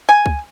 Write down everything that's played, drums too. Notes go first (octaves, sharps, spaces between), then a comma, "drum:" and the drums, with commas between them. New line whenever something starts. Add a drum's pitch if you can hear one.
G#5
drum: kick C#2